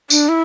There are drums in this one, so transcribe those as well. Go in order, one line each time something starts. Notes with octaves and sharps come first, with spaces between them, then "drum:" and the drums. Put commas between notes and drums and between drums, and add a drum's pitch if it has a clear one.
D4, drum: tambourine
E4